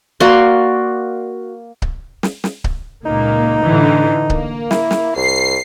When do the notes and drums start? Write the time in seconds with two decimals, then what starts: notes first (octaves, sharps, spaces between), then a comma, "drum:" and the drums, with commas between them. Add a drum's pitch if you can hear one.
0.20 A#3 F#4 D5 C6
1.82 drum: kick C#1
2.23 drum: snare
2.44 drum: snare
2.64 drum: kick C#1
3.05 C#2 A#2 A#3 D#4
3.63 A2 D3 E3
4.30 A#3, drum: kick C#1
4.71 E4, drum: snare
4.91 drum: snare
5.16 C2 C7